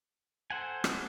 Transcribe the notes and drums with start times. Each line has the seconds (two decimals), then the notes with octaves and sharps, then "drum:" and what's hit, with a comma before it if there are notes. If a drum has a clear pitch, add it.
0.50 A4 C5 F#5 G#5
0.84 drum: rim click